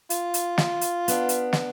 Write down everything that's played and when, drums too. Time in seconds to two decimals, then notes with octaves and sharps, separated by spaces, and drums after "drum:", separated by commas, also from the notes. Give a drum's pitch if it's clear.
0.10 F4, drum: hi-hat
0.34 drum: hi-hat
0.58 drum: snare
0.81 drum: hi-hat
1.08 B3 D4, drum: hi-hat
1.29 drum: hi-hat
1.53 drum: snare